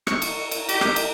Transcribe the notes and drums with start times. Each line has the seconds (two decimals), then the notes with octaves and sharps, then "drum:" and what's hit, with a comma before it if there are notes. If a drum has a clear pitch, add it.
0.07 C#6, drum: rim click
0.22 drum: cymbal
0.51 drum: cymbal
0.69 G4, drum: cymbal
0.81 drum: rim click
0.96 drum: cymbal